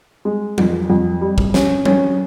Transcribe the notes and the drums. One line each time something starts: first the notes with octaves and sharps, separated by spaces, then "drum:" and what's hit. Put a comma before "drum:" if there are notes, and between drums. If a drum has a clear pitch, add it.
G#3
F2, drum: tom F#3
F2
G3
drum: kick
C#4, drum: snare
C#4, drum: tom F#3